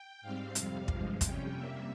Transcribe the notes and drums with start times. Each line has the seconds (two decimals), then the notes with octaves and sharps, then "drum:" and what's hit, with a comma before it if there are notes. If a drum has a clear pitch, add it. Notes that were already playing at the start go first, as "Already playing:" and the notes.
Already playing: G5
0.21 G#2 G3 C4 F5
0.55 F2 C3 G3, drum: hi-hat
0.88 G2 F3 G#3, drum: kick
1.21 F2 C3 G3 C#4 G5, drum: kick, hi-hat
1.54 C3 G3 A#3 E5